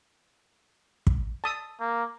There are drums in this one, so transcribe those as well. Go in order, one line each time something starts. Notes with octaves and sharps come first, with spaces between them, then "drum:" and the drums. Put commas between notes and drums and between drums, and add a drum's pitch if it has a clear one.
drum: kick
A5 D#6 E6
A#3